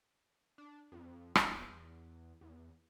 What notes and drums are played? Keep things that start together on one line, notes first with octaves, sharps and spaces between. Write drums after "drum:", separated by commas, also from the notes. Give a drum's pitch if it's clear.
D4
F2
drum: rim click
E2
E2